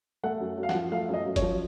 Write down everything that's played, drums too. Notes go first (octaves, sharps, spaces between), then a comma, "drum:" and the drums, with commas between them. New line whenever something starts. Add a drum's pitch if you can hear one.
A3 F#5
F#2
F#2
F5
F#5, drum: snare
F3
A3 F5
F#2
D#5
F#2
C#5, drum: kick F#1, hi-hat
F3